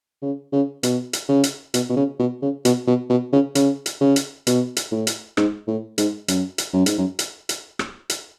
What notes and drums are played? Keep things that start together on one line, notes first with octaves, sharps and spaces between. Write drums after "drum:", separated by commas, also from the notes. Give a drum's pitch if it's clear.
C#3
C#3
B2, drum: hi-hat
drum: hi-hat
C#3
drum: hi-hat
B2, drum: hi-hat
B2
C#3
B2
C#3
B2, drum: hi-hat
B2
B2
C#3
C#3, drum: hi-hat
drum: hi-hat
C#3
drum: hi-hat
B2, drum: hi-hat
drum: hi-hat
A2
drum: hi-hat
G#2, drum: rim click
A2
G#2, drum: hi-hat
F#2, drum: hi-hat
drum: hi-hat
F#2
G#2, drum: hi-hat
F#2
drum: hi-hat
drum: hi-hat
drum: rim click
drum: hi-hat